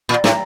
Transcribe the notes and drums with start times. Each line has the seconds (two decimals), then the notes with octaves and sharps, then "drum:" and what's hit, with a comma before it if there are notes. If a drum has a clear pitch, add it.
0.09 A#2
0.24 A2, drum: snare